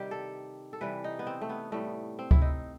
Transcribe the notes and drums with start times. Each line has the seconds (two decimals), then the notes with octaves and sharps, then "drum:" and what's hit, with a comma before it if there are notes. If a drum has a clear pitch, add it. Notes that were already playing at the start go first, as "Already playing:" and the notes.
Already playing: C3 D#3 G3 G4
0.11 A4
0.73 A4
0.81 C3 E3 G3 B4
1.04 D#4
1.19 B3
1.27 C4
1.42 A3
1.49 B3
1.72 A2 G3 A3
2.19 C4
2.31 E4, drum: kick C#2
2.42 D#4